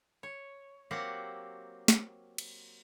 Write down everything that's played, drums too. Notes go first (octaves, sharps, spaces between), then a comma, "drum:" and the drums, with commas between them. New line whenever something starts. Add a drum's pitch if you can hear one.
C#5
F#3 A#3 C4 G4 F#5
drum: snare
drum: cymbal